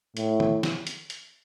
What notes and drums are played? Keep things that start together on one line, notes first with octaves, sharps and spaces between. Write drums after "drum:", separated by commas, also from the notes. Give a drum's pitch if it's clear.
A2, drum: hi-hat
drum: tom D#3
drum: snare
drum: hi-hat
drum: hi-hat